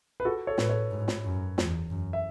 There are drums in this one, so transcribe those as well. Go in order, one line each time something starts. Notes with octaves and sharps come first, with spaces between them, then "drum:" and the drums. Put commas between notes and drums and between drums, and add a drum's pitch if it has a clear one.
B4
F#4 A4
A4 C#5
A2 B4, drum: snare
A4 C#5
G#2
drum: snare
F#2
E2, drum: snare
F#2
E5